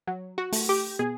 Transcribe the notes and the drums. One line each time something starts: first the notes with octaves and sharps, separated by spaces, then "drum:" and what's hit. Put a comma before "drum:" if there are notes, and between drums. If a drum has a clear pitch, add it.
F#3
F#4
A3, drum: open hi-hat
G4
B2 G#4